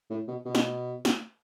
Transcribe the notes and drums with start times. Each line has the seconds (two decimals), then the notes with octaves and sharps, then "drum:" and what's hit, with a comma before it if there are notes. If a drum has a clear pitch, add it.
0.10 A2
0.28 B2
0.45 B2
0.55 drum: snare
1.05 drum: snare